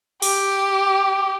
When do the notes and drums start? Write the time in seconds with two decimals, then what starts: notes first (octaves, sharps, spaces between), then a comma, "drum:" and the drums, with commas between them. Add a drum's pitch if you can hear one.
0.22 G4, drum: open hi-hat